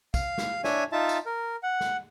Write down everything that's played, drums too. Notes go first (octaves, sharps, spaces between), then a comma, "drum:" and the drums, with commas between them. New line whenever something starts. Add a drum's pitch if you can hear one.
F5, drum: kick, tambourine
drum: snare
D4 C#5 E5 G#5, drum: snare
D#4 F4 E5 A5
drum: tambourine
A#4
F#5
drum: snare